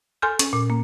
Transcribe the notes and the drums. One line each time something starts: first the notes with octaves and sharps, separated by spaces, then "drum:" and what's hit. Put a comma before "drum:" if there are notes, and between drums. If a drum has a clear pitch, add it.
A4 G#5 C6 F6 G6
C#4, drum: hi-hat
A#2
A#3